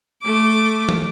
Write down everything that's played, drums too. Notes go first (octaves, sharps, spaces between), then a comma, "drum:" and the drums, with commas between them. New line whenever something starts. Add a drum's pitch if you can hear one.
A3 D6
drum: tom